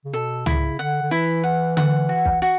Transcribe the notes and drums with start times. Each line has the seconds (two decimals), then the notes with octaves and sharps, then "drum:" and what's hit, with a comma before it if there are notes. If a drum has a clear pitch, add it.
0.05 C#3
0.13 B2 A4
0.46 C#3 E4, drum: tom
0.79 D3 F#5
1.03 D3
1.11 E3 E4
1.44 F#5
1.77 F#5, drum: tom D3
2.09 F#4
2.25 drum: kick
2.42 F#4